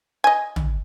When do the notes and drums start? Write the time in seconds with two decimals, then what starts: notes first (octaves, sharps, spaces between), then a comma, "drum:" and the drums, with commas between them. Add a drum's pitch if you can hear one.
0.24 D#5 G#5
0.56 drum: tom